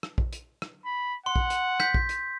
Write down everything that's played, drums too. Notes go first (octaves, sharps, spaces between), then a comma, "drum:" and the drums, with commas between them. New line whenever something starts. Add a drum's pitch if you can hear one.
drum: rim click
drum: kick
drum: hi-hat
drum: rim click
B5
F#5 C6
drum: kick
drum: hi-hat
G6 B6, drum: rim click
drum: kick
drum: hi-hat